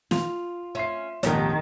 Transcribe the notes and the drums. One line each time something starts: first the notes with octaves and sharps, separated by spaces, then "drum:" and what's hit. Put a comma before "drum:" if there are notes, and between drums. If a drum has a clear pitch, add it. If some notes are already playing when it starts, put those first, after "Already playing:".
F4 F7, drum: snare
C#4 E5 C6 C7
A#1 F2 G#2 D#3 C#4 G4 A#4, drum: hi-hat